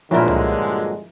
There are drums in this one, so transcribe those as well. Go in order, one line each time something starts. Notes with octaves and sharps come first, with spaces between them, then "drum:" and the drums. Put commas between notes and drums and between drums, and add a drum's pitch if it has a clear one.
G2 A#2 D3 F3 F#3 G#3 E4 A#4
drum: tom